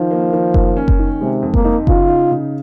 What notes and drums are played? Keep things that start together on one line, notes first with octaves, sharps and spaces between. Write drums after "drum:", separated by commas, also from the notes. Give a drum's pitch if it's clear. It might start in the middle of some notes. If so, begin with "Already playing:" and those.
Already playing: D#3 F3
A#3
D#3
A#3, drum: kick F#1
C#4
drum: kick F#1
D#3
C3 G#3
F2
A#3, drum: kick F#1
D#4
C#3 F4, drum: kick F#1
D#4
C#3